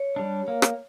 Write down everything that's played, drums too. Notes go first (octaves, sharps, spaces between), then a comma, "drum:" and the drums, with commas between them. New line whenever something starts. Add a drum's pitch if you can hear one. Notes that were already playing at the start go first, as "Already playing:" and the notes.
Already playing: C#5
G3 D4
A#3 C#5
drum: rim click